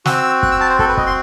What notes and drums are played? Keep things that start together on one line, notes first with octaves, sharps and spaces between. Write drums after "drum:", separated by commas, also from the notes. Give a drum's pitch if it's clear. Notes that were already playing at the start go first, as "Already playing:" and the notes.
C4 F#4 E6, drum: snare
F#6, drum: kick
E6
A5
C5
A4, drum: kick
B4
D#5, drum: kick
C6